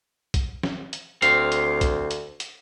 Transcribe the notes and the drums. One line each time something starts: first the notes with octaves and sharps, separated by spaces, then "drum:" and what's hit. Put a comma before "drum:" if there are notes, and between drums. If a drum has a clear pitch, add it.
drum: kick, hi-hat
drum: snare
drum: hi-hat
D2 C4 F5, drum: hi-hat
drum: hi-hat
drum: kick, hi-hat
drum: hi-hat
drum: hi-hat